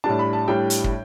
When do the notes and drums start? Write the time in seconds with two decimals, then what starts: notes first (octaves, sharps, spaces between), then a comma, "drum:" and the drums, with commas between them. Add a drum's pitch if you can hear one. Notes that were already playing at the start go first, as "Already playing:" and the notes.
0.04 A2 G3 D4 A5
0.19 B5
0.33 A5
0.48 A2 G3 D4 G5
0.70 drum: hi-hat
0.84 drum: kick